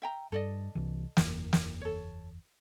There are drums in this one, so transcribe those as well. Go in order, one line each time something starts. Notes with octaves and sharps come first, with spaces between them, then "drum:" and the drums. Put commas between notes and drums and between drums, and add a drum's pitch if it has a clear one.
E5 G5 A#5
G2 A4 D5 D#5
C2 C3 E3
F#1 E2, drum: snare
drum: snare
A4 C#5